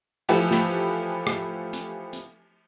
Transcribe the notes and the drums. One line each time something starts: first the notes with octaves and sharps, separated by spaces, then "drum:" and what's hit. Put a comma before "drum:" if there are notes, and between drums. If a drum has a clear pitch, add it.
E3 F3 A3 G4 A4 B4, drum: cymbal
drum: snare
drum: rim click
drum: hi-hat
drum: hi-hat